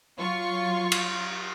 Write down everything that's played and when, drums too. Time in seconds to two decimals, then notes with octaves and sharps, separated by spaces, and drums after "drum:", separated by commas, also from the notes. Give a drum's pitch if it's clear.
0.18 F#3 F4 C#6
0.92 drum: cymbal